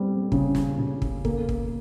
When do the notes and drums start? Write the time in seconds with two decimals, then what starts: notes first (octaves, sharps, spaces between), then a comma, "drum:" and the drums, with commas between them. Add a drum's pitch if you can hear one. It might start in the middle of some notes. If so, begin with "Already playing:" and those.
Already playing: G3 C4
0.32 C#3, drum: kick
0.55 drum: snare
0.78 C#3
1.02 drum: kick
1.25 A#3, drum: kick
1.49 drum: kick